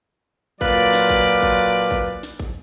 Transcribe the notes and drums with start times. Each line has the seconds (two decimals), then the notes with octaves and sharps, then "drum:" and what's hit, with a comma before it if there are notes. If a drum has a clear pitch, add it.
0.61 A#2 F#3 F4 B4 D5, drum: kick A1
0.93 drum: snare
1.10 drum: kick A1
1.42 drum: kick A1
1.91 drum: kick A1
2.23 drum: snare
2.40 drum: kick A1